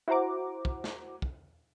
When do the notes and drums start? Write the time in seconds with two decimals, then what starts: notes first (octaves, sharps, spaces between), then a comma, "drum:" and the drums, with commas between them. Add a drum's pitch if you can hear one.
0.08 E4 F#4 C5 F#5 A#5 D6
0.65 drum: kick
0.84 drum: snare
1.22 drum: kick